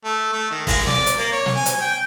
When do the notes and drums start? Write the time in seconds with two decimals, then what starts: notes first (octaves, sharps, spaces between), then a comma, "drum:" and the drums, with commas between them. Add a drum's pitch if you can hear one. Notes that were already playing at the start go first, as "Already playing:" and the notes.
0.04 A3
0.33 A3
0.50 D#3
0.67 G#3, drum: kick, open hi-hat
0.87 D5, drum: snare
1.06 drum: hi-hat
1.18 A#3
1.32 C#5
1.46 drum: snare
1.55 G#5
1.66 drum: hi-hat
1.81 G5